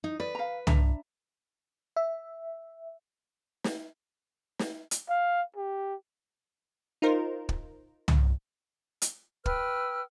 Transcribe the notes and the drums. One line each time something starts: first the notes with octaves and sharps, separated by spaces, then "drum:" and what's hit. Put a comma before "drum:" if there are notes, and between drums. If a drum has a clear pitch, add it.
D#4
B4 D5
F5 A#5
D4 E5 A#5, drum: tom
E5
drum: snare
drum: snare
drum: hi-hat
F5
G4
D#4 F4 A#4 C5
drum: kick
drum: tom
drum: hi-hat
B4 G5 E6 F6, drum: kick